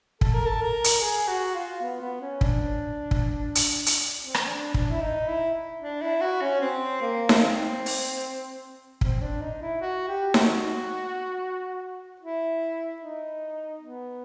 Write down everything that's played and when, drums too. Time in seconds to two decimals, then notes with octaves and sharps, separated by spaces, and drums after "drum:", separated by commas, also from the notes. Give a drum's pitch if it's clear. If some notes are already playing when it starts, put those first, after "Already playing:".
0.21 A4, drum: kick
0.34 A#4
0.46 A4
0.61 A#4
0.84 drum: hi-hat
1.01 G#4
1.28 F#4
1.55 F4
1.82 B3
2.01 B3
2.21 C#4
2.41 D4, drum: kick
3.11 drum: kick
3.55 drum: hi-hat
3.86 drum: hi-hat
4.21 C4
4.34 drum: rim click
4.48 D4
4.74 D4, drum: kick
4.90 E4
5.01 D#4
5.28 E4
5.81 D4
6.01 E4
6.21 F#4
6.41 C#4
6.61 C4
7.02 A#3
7.29 drum: snare D#4
7.42 C4
7.86 drum: open hi-hat
9.01 C4, drum: kick
9.21 D4
9.41 D#4
9.62 E4
9.81 F#4
10.08 G4
10.34 F#4, drum: snare D#4
12.21 E4
13.02 D#4
13.81 B3